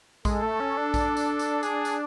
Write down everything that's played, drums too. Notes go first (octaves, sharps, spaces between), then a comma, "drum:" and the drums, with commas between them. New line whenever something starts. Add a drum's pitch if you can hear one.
G#3 A4, drum: kick A#1, tambourine
A3
C#4
D4
drum: kick A#1, tambourine
drum: tambourine
drum: tambourine
G#4, drum: tambourine
drum: tambourine